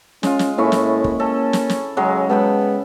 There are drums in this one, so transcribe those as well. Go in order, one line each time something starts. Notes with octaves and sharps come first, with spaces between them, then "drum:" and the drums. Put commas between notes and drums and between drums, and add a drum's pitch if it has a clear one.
G#3 C#4 F4, drum: snare
drum: snare
A2 A#3 C#4 E4 C#6
drum: snare
drum: kick
C#4 A4
drum: snare
drum: snare
C#3 F#3 G#3
G#3 B3 A4 G5 B5